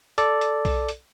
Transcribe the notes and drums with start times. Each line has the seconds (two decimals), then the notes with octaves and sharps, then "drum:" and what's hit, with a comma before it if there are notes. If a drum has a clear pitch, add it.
0.18 A4 D5, drum: hi-hat
0.41 drum: hi-hat
0.65 drum: kick B1, open hi-hat
0.89 drum: hi-hat